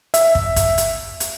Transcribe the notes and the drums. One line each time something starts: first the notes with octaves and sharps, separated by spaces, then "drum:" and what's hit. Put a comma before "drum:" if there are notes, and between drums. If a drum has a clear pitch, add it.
E5, drum: hi-hat
drum: kick
drum: kick, hi-hat
drum: hi-hat
drum: hi-hat